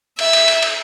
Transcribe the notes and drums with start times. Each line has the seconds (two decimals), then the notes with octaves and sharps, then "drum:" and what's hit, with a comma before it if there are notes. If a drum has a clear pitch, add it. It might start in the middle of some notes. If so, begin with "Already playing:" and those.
0.19 E5, drum: cymbal
0.33 drum: cymbal
0.48 drum: cymbal
0.63 drum: cymbal